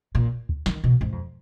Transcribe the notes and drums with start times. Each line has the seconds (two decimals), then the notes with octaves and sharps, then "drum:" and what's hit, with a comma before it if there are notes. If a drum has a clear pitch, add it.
0.15 A#2
0.49 drum: kick
0.66 D#3, drum: snare
0.84 B2
1.01 G#2, drum: kick
1.12 F2